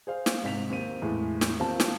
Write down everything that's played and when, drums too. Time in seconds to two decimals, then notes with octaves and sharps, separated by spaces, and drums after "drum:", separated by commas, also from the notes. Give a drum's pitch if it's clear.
0.07 G#4 C5 F5
0.26 drum: snare
0.43 G#2 C3 B6 F7
0.70 D#2 C4 D#7
1.02 E2 A2 G#3
1.41 drum: snare
1.59 D#2 C4 F4 F5 A5
1.80 drum: snare